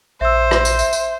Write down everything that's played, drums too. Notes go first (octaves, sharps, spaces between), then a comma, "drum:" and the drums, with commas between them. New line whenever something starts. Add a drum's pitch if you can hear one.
A#1 C5 E5 E6
drum: rim click
drum: tambourine
E5, drum: tambourine
drum: tambourine